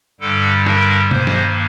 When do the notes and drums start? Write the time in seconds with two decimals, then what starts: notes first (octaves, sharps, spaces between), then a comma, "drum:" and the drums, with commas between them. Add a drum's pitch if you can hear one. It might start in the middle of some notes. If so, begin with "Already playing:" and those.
0.20 G2 D3 G3 A4
0.66 A#4, drum: rim click
1.11 G2 D#3 A#3 C5, drum: tom B2
1.27 drum: snare